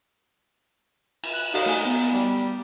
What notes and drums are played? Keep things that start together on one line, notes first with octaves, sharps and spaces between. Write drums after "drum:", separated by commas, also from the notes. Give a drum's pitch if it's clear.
drum: cymbal
F#6 F#7
D#4 F#4 F5 F#5, drum: open hi-hat
A3 G#5
B3
G3